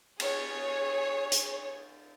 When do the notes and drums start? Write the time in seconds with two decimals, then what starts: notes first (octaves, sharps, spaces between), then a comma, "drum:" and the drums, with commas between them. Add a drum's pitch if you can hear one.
0.20 G#4 C#5, drum: cymbal
1.32 drum: hi-hat